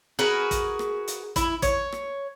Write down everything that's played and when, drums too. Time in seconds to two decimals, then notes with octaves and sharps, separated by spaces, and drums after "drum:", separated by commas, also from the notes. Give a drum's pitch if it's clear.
0.19 F#4 G#4 A#4 B4
0.51 drum: kick, hi-hat
0.79 drum: rim click
1.08 drum: hi-hat
1.36 E4, drum: kick, hi-hat
1.62 C#5, drum: kick, hi-hat
1.92 drum: rim click